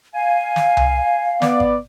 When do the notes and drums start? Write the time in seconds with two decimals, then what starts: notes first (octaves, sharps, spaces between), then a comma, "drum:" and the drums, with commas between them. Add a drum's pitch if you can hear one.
0.14 F5 G#5
0.56 drum: snare
0.77 drum: tom C2
1.42 B3 D5, drum: snare
1.60 drum: kick G#1